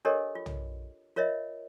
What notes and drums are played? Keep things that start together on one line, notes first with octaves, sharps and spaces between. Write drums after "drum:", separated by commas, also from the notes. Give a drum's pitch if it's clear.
D4 G4 A4 A#4 C#5 D#5
F4
drum: tom
F4 A#4 C#5 D#5 E5